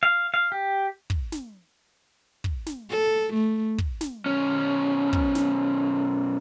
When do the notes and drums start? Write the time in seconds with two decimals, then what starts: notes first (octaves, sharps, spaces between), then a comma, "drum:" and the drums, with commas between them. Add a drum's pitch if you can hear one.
0.03 F5
0.34 F5
0.52 G4
1.10 drum: kick
1.32 drum: snare
2.44 drum: kick
2.66 drum: snare
2.90 A4
3.34 A3
3.78 drum: kick
4.01 drum: snare
4.26 B1 C#4
5.13 drum: kick
5.35 drum: snare